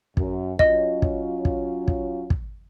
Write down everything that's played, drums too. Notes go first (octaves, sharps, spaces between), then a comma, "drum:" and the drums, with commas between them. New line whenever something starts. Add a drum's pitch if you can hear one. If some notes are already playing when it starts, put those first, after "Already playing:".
F#2, drum: kick
F#3 C#4 F4 D#5, drum: kick
drum: kick
drum: kick
drum: kick
drum: kick